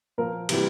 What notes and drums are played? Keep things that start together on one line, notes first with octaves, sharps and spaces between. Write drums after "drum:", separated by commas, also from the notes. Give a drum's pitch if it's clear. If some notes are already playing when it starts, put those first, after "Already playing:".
A#2 F3 A#4
C3 E3 G3, drum: cymbal